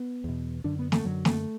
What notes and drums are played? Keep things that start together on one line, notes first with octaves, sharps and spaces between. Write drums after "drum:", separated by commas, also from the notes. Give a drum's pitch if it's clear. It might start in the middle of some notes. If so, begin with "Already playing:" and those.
Already playing: B3
E2 B2
F#2 D3 D4
B3
A3, drum: snare
F#2 D3 F#3
A3, drum: snare